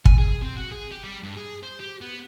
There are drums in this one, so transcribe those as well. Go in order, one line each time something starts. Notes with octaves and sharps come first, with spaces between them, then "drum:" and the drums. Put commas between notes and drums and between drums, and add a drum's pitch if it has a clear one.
G#5, drum: kick
G#4
C4
F#4
G#4
G4
G3
G2
G#4
C5
G4
B3